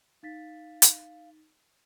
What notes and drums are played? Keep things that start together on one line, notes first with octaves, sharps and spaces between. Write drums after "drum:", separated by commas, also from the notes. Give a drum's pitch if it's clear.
D#4 F5 A6 B6
drum: hi-hat